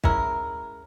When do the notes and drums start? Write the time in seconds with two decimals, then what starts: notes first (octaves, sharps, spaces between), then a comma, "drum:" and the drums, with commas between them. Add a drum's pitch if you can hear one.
0.04 G#3 C#4 E4 A#4, drum: kick